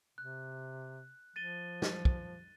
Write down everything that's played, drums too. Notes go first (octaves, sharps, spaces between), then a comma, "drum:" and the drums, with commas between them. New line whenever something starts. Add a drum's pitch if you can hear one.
C3 F#6
F3 A6 D#7 G7
drum: snare
drum: kick